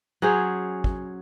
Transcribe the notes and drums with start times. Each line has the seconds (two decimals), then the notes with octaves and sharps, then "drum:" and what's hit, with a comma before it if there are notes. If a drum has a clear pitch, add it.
0.22 F#3 C#4 G#4 C5
0.84 drum: kick